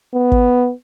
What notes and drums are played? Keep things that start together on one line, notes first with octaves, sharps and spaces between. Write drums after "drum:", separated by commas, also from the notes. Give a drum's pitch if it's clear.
B3
drum: kick